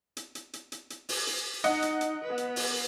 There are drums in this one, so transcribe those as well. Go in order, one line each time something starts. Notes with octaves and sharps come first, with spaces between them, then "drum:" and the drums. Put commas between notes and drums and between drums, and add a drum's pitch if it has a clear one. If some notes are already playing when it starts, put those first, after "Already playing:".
drum: hi-hat
drum: hi-hat
drum: hi-hat
drum: hi-hat
drum: hi-hat
drum: open hi-hat
drum: hi-hat
D#4 D#5 F#5, drum: hi-hat
drum: hi-hat
drum: hi-hat
B3 B4
drum: hi-hat
drum: open hi-hat